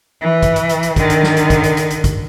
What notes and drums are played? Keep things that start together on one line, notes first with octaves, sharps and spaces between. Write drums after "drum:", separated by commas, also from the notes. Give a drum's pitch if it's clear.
E3
drum: kick, hi-hat
drum: hi-hat
drum: hi-hat
drum: hi-hat
D3 D#3, drum: kick, hi-hat
drum: hi-hat
drum: snare
drum: hi-hat
drum: kick, hi-hat
drum: hi-hat
drum: hi-hat
drum: hi-hat
drum: kick, hi-hat